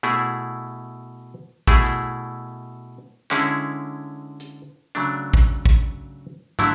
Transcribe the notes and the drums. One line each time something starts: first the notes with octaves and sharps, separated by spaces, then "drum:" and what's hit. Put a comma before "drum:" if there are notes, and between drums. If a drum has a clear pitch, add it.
B2 A3 E4 G#4
B2 A3 E4 G#4, drum: kick
drum: hi-hat
D3 G#3 C#4 E4 G#4, drum: clap
drum: hi-hat
C#3 F#3 A3 D4
drum: kick
drum: kick
D3 F#3 A3 E4, drum: tom